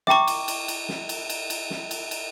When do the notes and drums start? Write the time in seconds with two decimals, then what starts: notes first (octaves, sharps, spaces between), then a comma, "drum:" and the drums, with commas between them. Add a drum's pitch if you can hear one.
0.07 E5 G5 A#5 C#6 D6, drum: snare
0.28 drum: cymbal
0.48 drum: cymbal
0.68 drum: cymbal
0.89 drum: snare
1.09 drum: cymbal
1.30 drum: cymbal
1.50 drum: cymbal
1.70 drum: snare
1.91 drum: cymbal
2.11 drum: cymbal